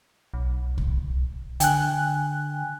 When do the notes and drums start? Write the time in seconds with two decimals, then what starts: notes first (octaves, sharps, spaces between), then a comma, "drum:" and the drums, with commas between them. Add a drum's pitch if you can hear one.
0.34 B1
0.78 drum: kick C2
1.60 D3 G5 G#5 F#6, drum: hi-hat